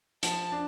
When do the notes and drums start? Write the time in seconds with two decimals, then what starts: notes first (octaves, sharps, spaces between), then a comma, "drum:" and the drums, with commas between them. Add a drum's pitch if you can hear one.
0.23 F3 A5, drum: hi-hat
0.52 D4